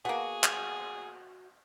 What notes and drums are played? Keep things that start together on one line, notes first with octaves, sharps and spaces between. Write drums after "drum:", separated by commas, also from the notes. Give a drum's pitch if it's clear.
B2 A#3 F#4 G#4
drum: clap